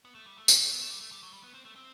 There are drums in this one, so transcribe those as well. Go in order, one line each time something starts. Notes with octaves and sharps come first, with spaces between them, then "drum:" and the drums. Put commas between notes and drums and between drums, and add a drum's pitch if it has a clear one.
B3
A3
G3
A3
drum: tambourine
B3
A3
G3
A3
G3
F#3
G3
B3
C4
A3
C4